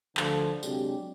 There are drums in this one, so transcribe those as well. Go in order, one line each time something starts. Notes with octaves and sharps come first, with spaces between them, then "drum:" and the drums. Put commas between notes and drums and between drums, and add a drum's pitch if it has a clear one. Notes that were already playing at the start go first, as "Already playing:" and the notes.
D2 D3 F3, drum: clap
C3 F#3 G#3 D4 G4, drum: tambourine